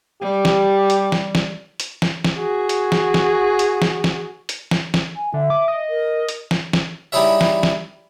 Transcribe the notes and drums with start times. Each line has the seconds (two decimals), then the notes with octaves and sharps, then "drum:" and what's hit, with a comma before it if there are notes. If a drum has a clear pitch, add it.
0.22 G3 G4
0.45 drum: snare
0.90 drum: hi-hat
1.12 drum: snare
1.35 drum: snare
1.80 drum: hi-hat
2.02 drum: snare
2.24 drum: snare
2.36 F#4 G#4
2.69 drum: hi-hat
2.92 drum: snare
3.14 drum: snare
3.59 drum: hi-hat
3.82 drum: snare
4.04 drum: snare
4.49 drum: hi-hat
4.71 drum: snare
4.94 drum: snare
5.16 G#5
5.34 D3 E5
5.50 D6
5.68 D#5
5.90 A#4
6.29 drum: hi-hat
6.51 drum: snare
6.73 drum: snare
7.12 G3 D#4 E4 G#4 C#5 E5
7.41 drum: snare
7.63 drum: snare